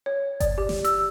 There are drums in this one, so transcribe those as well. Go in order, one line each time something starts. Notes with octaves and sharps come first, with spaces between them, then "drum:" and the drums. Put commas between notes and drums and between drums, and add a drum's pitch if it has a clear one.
C#5
D5, drum: kick G1, hi-hat
G4
drum: snare
E6, drum: hi-hat